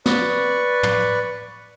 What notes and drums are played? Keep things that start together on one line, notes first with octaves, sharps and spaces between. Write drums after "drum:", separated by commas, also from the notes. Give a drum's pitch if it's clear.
B4 D5 C#6, drum: snare
drum: tom